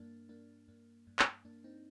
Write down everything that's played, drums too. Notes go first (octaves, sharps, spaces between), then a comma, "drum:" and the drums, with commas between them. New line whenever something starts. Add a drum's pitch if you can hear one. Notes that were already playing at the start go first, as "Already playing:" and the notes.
Already playing: G2 A#3 D4
G2 A#3 D4
G2 A#3
G2
drum: clap
G2 A#3 D4
C4 D#4